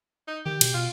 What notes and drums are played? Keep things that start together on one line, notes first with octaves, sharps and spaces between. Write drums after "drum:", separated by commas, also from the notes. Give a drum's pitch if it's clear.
D#4
D#3 G4
B2, drum: cymbal
B2 F4